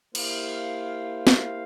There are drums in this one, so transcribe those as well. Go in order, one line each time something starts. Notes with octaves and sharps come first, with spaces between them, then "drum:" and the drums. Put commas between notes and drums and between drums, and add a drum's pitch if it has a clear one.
A#3 E4 G4 C5 F5, drum: cymbal
drum: snare